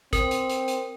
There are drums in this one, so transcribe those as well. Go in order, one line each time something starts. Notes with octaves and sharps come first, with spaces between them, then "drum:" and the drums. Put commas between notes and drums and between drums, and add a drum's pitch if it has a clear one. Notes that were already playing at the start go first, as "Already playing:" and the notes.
C4 A#4, drum: kick, hi-hat
drum: hi-hat
drum: hi-hat
drum: hi-hat